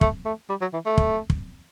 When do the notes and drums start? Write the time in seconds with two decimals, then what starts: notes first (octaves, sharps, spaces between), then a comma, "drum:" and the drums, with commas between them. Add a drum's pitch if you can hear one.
0.01 A3, drum: kick
0.26 A3
0.49 G3
0.61 F#3
0.73 E3
0.86 A3
0.98 drum: kick
1.30 drum: kick